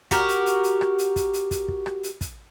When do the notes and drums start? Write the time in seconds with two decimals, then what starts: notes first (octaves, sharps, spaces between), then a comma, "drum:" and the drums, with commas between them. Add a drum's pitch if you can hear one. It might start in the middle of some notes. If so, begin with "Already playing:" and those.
0.11 F#4 G4 A#4, drum: kick, hi-hat
0.29 drum: hi-hat
0.46 drum: hi-hat
0.63 drum: hi-hat
0.81 drum: rim click
0.98 drum: hi-hat
1.16 drum: kick, hi-hat
1.33 drum: hi-hat
1.51 drum: kick, hi-hat
1.68 drum: kick
1.86 drum: rim click
2.03 drum: hi-hat
2.21 drum: kick, hi-hat